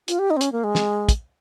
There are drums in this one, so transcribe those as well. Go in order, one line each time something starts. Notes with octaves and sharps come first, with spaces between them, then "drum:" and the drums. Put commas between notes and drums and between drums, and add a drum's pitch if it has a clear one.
F4, drum: hi-hat
G4
D#4
C4
C#4, drum: hi-hat
A#3
G#3
drum: snare
drum: kick, hi-hat